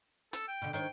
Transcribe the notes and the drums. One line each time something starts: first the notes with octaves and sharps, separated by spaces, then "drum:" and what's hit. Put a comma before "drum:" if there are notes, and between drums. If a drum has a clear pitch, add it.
A4, drum: hi-hat
G5
B2 D3
D#3 C5 C#5 G5